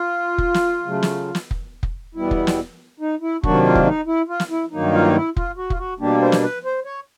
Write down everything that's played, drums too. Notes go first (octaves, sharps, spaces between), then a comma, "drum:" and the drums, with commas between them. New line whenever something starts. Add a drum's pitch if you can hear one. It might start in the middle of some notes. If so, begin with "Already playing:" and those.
Already playing: F4
drum: kick F1
drum: snare
C#3 F#3 A3
drum: snare
drum: snare
drum: kick F1
drum: kick F1
E2 B2 G3 B3 E4
drum: kick F1
drum: snare
D#4
E4
C3 D#3 F#3 A#3 D4 F#4, drum: kick F1
F4
drum: kick F1
D#4
E4
F4
drum: snare
E4
G2 D#3 F#3 A#3 D#4
F4
E4
F4, drum: kick F1
F#4
F4, drum: kick F1
F#4
B2 G3 A#3 D4 G4
C5
drum: snare
B4
C5
C#5